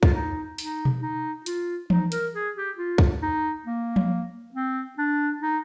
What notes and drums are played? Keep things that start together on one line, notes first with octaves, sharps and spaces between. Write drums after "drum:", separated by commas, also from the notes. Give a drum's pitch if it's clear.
F4, drum: kick
D#4
D#4, drum: open hi-hat
drum: tom B2
D#4
F4, drum: hi-hat
D#4, drum: tom E3
A#4, drum: hi-hat
G#4
G4
F4
drum: kick
D#4
A#3
drum: tom F3
C4
D4
D#4